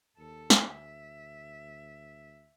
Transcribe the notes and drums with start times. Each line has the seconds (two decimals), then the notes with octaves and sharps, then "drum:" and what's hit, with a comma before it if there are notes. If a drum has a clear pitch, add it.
0.18 D#2 A4
0.50 drum: snare
0.67 D2 E5